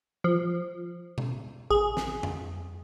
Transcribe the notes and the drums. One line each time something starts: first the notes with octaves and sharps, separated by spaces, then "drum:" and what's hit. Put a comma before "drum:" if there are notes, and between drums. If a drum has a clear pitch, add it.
F3
drum: tom B2
G#4, drum: kick A1
drum: snare
drum: tom F2